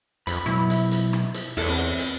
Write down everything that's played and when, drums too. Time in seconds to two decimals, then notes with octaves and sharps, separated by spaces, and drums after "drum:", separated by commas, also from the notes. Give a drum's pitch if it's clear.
0.27 F2 B5, drum: hi-hat
0.46 B2 F#3 E4, drum: rim click
0.70 drum: hi-hat
0.91 drum: hi-hat
1.13 drum: rim click
1.34 drum: hi-hat
1.57 E2 E4 A4, drum: open hi-hat
1.69 C4
1.99 drum: hi-hat